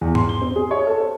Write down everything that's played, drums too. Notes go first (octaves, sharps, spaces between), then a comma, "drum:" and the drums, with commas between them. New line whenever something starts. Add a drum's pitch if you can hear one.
E2
C6, drum: tom G#2
G7
C4
G#4
C#5
A4
C5